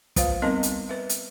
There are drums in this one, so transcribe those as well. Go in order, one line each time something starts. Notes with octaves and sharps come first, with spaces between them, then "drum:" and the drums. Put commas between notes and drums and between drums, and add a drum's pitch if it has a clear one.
F4 B4 C5 F5, drum: kick, hi-hat
G3 B3 C4 D#4 A#4 D#5
drum: hi-hat
B4 E5
drum: hi-hat